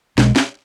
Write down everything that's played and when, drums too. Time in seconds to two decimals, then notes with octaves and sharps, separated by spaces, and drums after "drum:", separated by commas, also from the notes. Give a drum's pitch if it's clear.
0.18 B1 B2 G#3, drum: snare
0.36 drum: snare